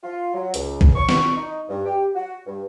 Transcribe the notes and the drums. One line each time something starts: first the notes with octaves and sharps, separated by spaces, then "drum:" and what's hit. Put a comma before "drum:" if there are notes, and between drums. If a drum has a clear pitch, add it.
F4
F#3
C#2, drum: hi-hat
drum: kick
C#6
drum: snare
D#4
G2
G4
F#4
G2